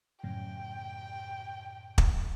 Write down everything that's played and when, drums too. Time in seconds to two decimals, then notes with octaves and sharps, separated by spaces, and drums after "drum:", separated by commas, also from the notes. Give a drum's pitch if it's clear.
0.23 F#2 A2 C#3 G5
1.98 drum: kick